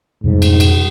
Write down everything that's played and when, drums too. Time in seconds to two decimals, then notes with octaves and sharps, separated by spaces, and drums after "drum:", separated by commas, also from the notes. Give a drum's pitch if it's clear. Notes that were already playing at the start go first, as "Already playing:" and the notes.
0.24 F2 G#2 B2 G3
0.42 drum: cymbal
0.60 drum: cymbal